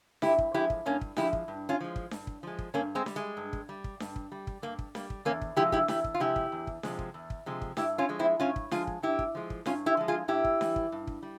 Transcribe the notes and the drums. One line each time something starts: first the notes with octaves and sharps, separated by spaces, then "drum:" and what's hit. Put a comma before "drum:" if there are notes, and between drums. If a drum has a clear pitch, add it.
G2 E4 G4, drum: snare D4
drum: kick
F3 G#3 E4 G4
drum: kick
G2 A#3 C#4
drum: kick
F3 G#3 E4 G4, drum: snare D4
drum: kick
G2
C#4 F4
F3 G#3
drum: kick
G2, drum: snare D4
drum: kick
F3 G#3
drum: kick
G2 A#3 C#4
G#3 C4
G3, drum: snare D4
G#3
G2
drum: kick
G3
drum: kick
G2, drum: snare D4
drum: kick
G3
drum: kick
G2 A#3
drum: kick
G3 A#3, drum: snare D4
drum: kick
E2 A#3 C#4
drum: kick
C3 F3 G#3 E4 G4
E4 G4, drum: kick
E2 E4 G4, drum: snare D4
drum: kick
F4
C3 F3 G#3 E4 G4
drum: kick
E2
drum: kick
C3 F3 G#3, drum: snare D4
drum: kick
E2
drum: kick
C3 F3 G#3
drum: kick
G2 E4 G4, drum: snare D4
C#4 F4
F3 G#3
C4 E4
G2 C#4 F4
drum: kick
F3 G#3 F4 G#4, drum: snare D4
drum: kick
G2 E4 G4
drum: kick
F3 G#3
drum: kick
G2 C#4 F4, drum: snare D4
E4 G4
F3 G#3
F4 G#4
G2 E4 G4
drum: kick
E3 G3, drum: snare D4
drum: kick
G2
drum: kick
G3